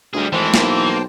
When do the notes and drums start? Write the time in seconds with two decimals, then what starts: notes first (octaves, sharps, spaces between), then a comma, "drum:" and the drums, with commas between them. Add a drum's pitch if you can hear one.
0.14 D2 G3 G#4
0.33 G#1 E3 G#3 A3 C5 G5 A5
0.54 B1 A#3, drum: snare